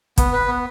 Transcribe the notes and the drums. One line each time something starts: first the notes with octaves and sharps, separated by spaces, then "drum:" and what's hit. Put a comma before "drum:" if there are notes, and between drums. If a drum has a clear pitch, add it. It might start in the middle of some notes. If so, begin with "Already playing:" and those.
B3, drum: kick, hi-hat
B4
B3